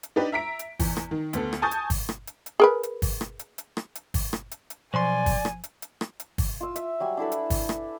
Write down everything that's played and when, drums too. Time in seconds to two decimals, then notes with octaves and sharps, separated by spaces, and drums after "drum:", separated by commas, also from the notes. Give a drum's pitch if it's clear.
0.03 drum: hi-hat
0.16 D4 D#4 G4 B4
0.32 E5 A#5 B6 D7
0.59 drum: hi-hat
0.80 E2, drum: kick G1, open hi-hat
0.97 drum: rim click
1.11 D#3
1.33 D2 B3 A4, drum: hi-hat
1.53 drum: rim click
1.62 G#5 A5 C#6 D#6 G6 A6
1.71 drum: hi-hat
1.90 drum: kick G1, open hi-hat
2.09 drum: rim click
2.27 drum: hi-hat
2.46 drum: hi-hat
2.60 G#4 A#4 B4
2.83 drum: hi-hat
3.02 drum: kick G1, open hi-hat
3.21 drum: rim click
3.39 drum: hi-hat
3.58 drum: hi-hat
3.77 drum: rim click
3.95 drum: hi-hat
4.14 drum: kick G1, open hi-hat
4.33 drum: rim click
4.51 drum: hi-hat
4.70 drum: hi-hat
4.94 B1 F3 D5 G#5 C6
5.26 drum: kick G1, open hi-hat
5.45 drum: rim click
5.64 drum: hi-hat
5.82 drum: hi-hat
6.01 drum: rim click
6.20 drum: hi-hat
6.38 drum: kick G1, open hi-hat
6.61 F4 E6
6.76 E5, drum: hi-hat
7.00 F#3 G3 G#5
7.17 D4 E4 A4 B4
7.32 drum: hi-hat
7.50 drum: kick G1, open hi-hat
7.69 drum: rim click